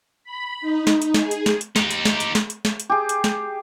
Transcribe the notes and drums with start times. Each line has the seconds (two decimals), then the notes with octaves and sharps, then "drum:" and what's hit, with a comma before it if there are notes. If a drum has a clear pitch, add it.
0.24 B5
0.61 D#4
0.87 drum: snare
1.02 drum: hi-hat
1.14 G#4, drum: snare
1.31 drum: hi-hat
1.46 drum: snare
1.61 drum: hi-hat
1.76 D#4 G4, drum: snare
1.91 drum: hi-hat
2.05 drum: snare
2.20 drum: hi-hat
2.35 drum: snare
2.50 drum: hi-hat
2.65 drum: snare
2.80 drum: hi-hat
2.90 G4 G#4
3.09 drum: hi-hat
3.24 drum: snare